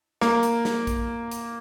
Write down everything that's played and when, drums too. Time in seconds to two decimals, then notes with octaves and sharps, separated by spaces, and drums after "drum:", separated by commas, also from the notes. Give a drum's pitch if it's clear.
0.21 A#3, drum: snare
0.43 drum: hi-hat
0.65 drum: snare
0.87 drum: kick A#1, hi-hat
1.31 drum: hi-hat